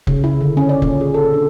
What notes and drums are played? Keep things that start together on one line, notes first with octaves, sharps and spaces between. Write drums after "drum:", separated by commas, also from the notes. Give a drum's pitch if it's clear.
C#3, drum: kick F1
E4
D3
C#4
D5
A#2, drum: kick F1
G#4
A4
D4